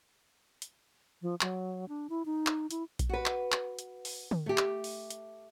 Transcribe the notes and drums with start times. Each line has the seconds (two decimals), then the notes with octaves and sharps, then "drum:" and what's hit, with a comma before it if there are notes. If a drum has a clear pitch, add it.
0.62 drum: hi-hat
1.22 F3
1.41 F#3, drum: clap
1.89 D4
2.09 E4
2.26 D#4
2.47 drum: clap
2.71 E4, drum: hi-hat
2.99 drum: kick A#1, hi-hat
3.09 F#4 B4
3.26 drum: clap
3.52 drum: clap
3.79 drum: hi-hat
4.05 drum: open hi-hat
4.31 drum: tom D3
4.46 A3 G4
4.58 drum: clap
4.84 drum: open hi-hat
5.10 drum: hi-hat